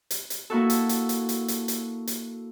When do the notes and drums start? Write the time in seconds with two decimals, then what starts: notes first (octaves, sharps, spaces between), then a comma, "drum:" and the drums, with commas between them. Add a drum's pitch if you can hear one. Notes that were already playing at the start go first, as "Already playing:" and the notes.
0.11 drum: hi-hat
0.30 drum: hi-hat
0.50 A#3 E4 F#4 A4
0.70 drum: hi-hat
0.89 drum: hi-hat
1.09 drum: hi-hat
1.29 drum: hi-hat
1.48 drum: hi-hat
1.68 drum: hi-hat
2.07 drum: hi-hat